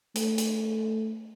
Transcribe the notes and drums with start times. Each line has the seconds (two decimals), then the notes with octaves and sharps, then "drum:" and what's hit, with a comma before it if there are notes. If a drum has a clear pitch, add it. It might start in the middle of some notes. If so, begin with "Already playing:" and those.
0.16 A3, drum: hi-hat
0.38 drum: hi-hat